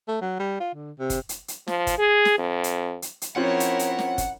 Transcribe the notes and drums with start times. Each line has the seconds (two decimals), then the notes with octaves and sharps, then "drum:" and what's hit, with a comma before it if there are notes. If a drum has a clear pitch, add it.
0.08 A3
0.21 F#3
0.39 G3
0.60 F4
0.74 D3
0.99 C3
1.10 drum: kick, hi-hat
1.29 drum: hi-hat
1.48 drum: hi-hat
1.68 F3, drum: snare
1.87 drum: kick, hi-hat
1.98 G#4
2.25 drum: snare
2.39 F2
2.64 drum: hi-hat
3.02 drum: hi-hat
3.22 drum: hi-hat
3.36 F3 C4 C#4 E4 A#4 C#5 F#5
3.60 drum: hi-hat
3.79 drum: hi-hat
3.99 drum: snare
4.18 drum: kick, hi-hat